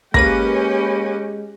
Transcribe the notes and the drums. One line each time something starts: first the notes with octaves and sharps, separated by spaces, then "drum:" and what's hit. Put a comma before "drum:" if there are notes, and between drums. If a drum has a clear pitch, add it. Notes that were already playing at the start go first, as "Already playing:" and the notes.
G#3 A#3 C#4 G4 B4 A#6 D#7, drum: kick